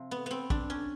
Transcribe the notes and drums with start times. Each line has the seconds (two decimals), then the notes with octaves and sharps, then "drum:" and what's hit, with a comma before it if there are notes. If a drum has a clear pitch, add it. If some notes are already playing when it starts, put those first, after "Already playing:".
Already playing: C3 F3
0.11 B3
0.26 B3 C4
0.50 D4, drum: kick
0.70 C#4